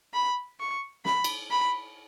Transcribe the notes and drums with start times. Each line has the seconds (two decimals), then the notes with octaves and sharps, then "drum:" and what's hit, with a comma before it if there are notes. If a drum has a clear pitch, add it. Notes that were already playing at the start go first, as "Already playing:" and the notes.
0.14 B5
0.60 C#6
1.05 B5, drum: snare
1.24 drum: cymbal
1.51 B5